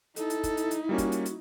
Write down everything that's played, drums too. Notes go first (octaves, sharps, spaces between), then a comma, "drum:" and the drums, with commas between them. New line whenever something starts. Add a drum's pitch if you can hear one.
D#4 E4 A4, drum: hi-hat
drum: hi-hat
drum: kick, hi-hat
drum: hi-hat
drum: hi-hat
G3 A#3 C#4 F#4
drum: kick, hi-hat
drum: hi-hat
drum: hi-hat